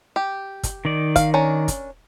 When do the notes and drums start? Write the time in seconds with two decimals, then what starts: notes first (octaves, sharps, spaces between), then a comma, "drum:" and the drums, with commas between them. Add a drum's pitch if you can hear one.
0.16 G4
0.63 drum: kick, hi-hat
0.85 D#3 D#4 D5
1.16 F5, drum: kick, hi-hat
1.34 C#4 D4 A#4
1.68 drum: kick, hi-hat